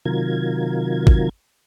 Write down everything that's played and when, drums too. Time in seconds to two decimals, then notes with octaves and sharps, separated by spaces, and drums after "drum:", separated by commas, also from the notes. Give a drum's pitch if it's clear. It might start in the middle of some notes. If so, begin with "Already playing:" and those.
0.05 C3 D#3 F#3 F4 A#4 G#6
1.07 drum: kick